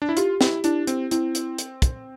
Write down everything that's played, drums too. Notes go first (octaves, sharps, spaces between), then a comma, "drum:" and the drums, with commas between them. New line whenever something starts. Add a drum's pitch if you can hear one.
D4
E4
F4 G4, drum: hi-hat
E4, drum: snare
D4 E4, drum: hi-hat
C4, drum: hi-hat
C4 E4, drum: hi-hat
drum: hi-hat
drum: hi-hat
drum: kick, hi-hat